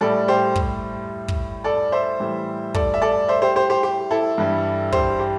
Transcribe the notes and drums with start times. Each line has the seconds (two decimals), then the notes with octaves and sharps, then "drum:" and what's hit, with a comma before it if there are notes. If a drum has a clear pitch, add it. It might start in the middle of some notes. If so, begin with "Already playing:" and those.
0.01 A2 G3 A4 D5
0.28 G4 C5
0.56 drum: kick
1.28 drum: kick
1.64 A4 D5
1.92 C5 E5
2.20 A2 E3 G3
2.74 A4 D5, drum: kick
2.94 E5
3.02 A4 D5
3.28 C5 E5
3.42 G4 C5
3.56 G4 C5
3.70 G4 C5
3.83 G4
4.11 E4 A4
4.38 G2 E3 G3
4.92 G4 C5, drum: kick
5.20 G4